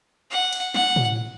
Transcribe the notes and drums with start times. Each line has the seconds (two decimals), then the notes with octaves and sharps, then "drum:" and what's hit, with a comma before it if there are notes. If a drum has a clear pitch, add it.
0.31 F#5
0.53 drum: cymbal
0.74 F#5, drum: snare
0.96 drum: tom A2